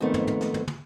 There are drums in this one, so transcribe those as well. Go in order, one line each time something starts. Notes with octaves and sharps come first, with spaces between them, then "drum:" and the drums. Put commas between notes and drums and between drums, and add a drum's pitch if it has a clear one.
F2 G#2 D#3 A3 B3
drum: tom
drum: tom
drum: snare
drum: tom
drum: tom